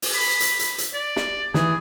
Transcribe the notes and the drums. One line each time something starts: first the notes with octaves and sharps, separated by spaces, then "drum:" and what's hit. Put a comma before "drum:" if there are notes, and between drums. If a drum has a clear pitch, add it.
drum: open hi-hat
B5
drum: hi-hat
drum: hi-hat
drum: hi-hat
D5
drum: snare
E3 G#4, drum: snare